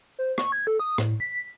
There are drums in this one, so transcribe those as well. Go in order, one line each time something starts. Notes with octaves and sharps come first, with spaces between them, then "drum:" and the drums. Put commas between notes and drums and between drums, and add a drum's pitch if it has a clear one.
C5
C#6, drum: rim click
G#6
A4
D#6
A2, drum: rim click
B6